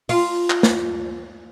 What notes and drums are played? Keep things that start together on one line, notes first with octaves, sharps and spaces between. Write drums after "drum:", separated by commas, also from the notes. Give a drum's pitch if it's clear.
F4, drum: open hi-hat
drum: clap
drum: snare